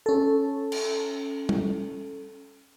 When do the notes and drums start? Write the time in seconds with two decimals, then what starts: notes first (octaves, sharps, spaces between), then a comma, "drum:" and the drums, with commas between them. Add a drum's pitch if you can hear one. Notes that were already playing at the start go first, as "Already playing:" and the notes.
0.06 C#4 A4
0.72 drum: cymbal
1.49 drum: tom